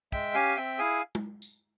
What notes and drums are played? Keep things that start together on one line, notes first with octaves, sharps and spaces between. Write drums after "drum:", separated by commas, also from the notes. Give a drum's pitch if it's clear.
G#3 E5 G5, drum: kick
C#4 G4 F5 G#5
C4 E5 G5
E4 G#4 F5 G#5
drum: tom
drum: tambourine